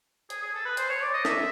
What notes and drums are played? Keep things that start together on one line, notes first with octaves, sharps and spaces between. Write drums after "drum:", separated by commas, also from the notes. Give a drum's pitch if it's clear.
G#4, drum: hi-hat
G#4
A4
B4
C5, drum: hi-hat
C#5
D5
D#5
E5, drum: snare